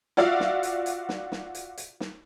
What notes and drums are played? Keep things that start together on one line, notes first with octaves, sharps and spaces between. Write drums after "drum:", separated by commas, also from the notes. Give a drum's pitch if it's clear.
F4 F#4 D5 E5 F5, drum: snare
drum: snare
drum: hi-hat
drum: hi-hat
drum: snare
drum: snare
drum: hi-hat
drum: hi-hat
drum: snare